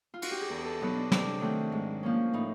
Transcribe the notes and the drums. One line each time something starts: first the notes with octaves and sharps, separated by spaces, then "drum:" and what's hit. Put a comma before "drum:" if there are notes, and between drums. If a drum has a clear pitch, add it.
F4
F#4, drum: cymbal
G4
G#4
E2 A4
A4
B2 F#3 B3 D#4
D4
C3 D4, drum: snare
D#3 F#3 A3 C4
G#2
F3 A#3 C#4
A2 D#4